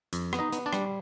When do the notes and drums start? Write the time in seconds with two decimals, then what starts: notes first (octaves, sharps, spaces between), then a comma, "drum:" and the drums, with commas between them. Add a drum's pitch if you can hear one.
0.13 F2, drum: hi-hat
0.33 B3, drum: rim click
0.39 D#4 D#5
0.52 B3, drum: hi-hat
0.66 D4 D5
0.73 G3, drum: rim click